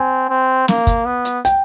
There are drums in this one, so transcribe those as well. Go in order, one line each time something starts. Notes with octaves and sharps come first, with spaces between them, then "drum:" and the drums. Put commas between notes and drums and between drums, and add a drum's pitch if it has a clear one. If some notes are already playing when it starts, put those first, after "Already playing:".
Already playing: C4 G#5
C4
A#3, drum: snare
drum: kick, hi-hat
B3
drum: hi-hat
G5, drum: hi-hat